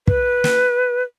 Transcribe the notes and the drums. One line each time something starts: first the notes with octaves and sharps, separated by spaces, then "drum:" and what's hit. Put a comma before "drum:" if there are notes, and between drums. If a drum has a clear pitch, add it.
B4, drum: kick
drum: snare